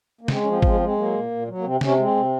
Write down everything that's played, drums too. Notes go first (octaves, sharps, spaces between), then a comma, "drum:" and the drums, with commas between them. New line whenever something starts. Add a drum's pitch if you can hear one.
A#3
G#3 C4, drum: snare
C#4
F3
C4
G#3 C4, drum: kick
C4
G#3
C4
F#3 A#3
A#2
A#2
F#3
A#3
C3 C4
C3 C#4, drum: snare
G#3 C4
C3